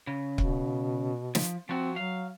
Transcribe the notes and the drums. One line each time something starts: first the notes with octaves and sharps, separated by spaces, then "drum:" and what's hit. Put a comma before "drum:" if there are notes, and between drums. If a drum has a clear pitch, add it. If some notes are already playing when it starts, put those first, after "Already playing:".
C#3
B2, drum: kick C#1
F3, drum: snare
F3 C4 F#4
F#3 F5